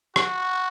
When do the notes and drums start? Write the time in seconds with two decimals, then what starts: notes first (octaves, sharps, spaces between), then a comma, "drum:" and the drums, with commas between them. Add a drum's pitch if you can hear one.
0.16 F#4, drum: rim click